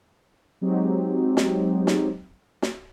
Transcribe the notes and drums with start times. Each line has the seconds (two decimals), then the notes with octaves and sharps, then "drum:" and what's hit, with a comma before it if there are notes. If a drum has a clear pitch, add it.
0.61 F#3 G#3 C4 D#4 G4
1.37 drum: snare
1.87 drum: snare
2.62 drum: snare